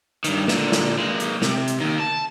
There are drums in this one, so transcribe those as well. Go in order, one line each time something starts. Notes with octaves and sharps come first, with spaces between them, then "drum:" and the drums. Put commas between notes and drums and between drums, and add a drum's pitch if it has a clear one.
G2 D#3, drum: hi-hat
A#2 D3, drum: snare
drum: snare
G#3 A#3
drum: hi-hat
C3, drum: snare
drum: hi-hat
D#2 D#3
A5